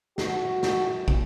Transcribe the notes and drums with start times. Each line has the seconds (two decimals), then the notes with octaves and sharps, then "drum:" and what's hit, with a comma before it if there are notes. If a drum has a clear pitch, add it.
0.18 F#4, drum: snare
0.63 drum: snare
1.08 drum: kick